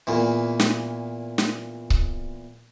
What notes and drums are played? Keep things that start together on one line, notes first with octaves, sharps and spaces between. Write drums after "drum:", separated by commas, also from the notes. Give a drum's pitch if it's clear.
E2 A#2 E3
drum: snare
drum: snare
drum: kick C#1